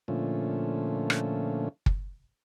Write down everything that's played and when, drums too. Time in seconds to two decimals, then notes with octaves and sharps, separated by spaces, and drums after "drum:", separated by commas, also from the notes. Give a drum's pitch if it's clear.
0.08 A#2 D3 F3 A3 C#4
1.10 drum: rim click
1.86 drum: kick